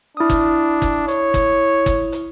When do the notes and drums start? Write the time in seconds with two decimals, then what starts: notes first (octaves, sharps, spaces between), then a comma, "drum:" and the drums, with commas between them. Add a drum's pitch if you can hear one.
0.17 D4 E4 D#6
0.30 drum: kick, hi-hat
0.82 drum: kick, hi-hat
1.08 C#5, drum: hi-hat
1.34 drum: kick, hi-hat
1.86 drum: kick, hi-hat
2.12 drum: hi-hat